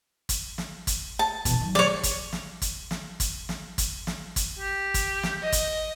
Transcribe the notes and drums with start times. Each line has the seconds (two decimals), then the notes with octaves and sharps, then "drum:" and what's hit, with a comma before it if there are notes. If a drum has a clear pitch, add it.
0.29 drum: kick, hi-hat
0.58 drum: snare
0.87 drum: kick, hi-hat
1.19 A5
1.45 B2 E3, drum: kick, hi-hat
1.61 D#3 F#3
1.75 C#5 D5, drum: snare
2.03 drum: kick, hi-hat
2.32 drum: snare
2.62 drum: kick, hi-hat
2.91 drum: snare
3.20 drum: kick, hi-hat
3.49 drum: snare
3.78 drum: kick, hi-hat
4.07 drum: snare
4.36 drum: kick, hi-hat
4.59 G4
4.94 drum: kick, hi-hat
5.23 drum: snare
5.41 D#5
5.52 drum: kick, hi-hat